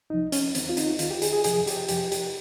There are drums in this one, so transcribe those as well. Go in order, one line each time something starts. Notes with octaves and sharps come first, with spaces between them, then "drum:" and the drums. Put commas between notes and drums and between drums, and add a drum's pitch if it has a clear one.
C2 C3 F3 D#4
C#4, drum: hi-hat
D#2 D#3 C4, drum: hi-hat
F4
D#4, drum: hi-hat
D#2 D#3 F4, drum: hi-hat
G4
G#4, drum: hi-hat
G#4
F2 C3 F3 G#4, drum: hi-hat
G4, drum: hi-hat
F2 C3 F3 G4, drum: hi-hat
G4, drum: hi-hat